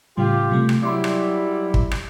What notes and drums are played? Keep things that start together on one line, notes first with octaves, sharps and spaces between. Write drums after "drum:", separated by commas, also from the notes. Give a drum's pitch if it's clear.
A2 C#3 G3 F4 G4
C3 G3 A3
drum: rim click
F#3 G3 E4 B5 C6 D6
drum: rim click
drum: kick
drum: rim click